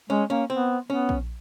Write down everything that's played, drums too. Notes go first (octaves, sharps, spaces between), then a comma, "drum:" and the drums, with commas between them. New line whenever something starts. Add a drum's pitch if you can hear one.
G#3 C#4
A#3 C#4
B3 C4
B3 C#4
drum: kick A#1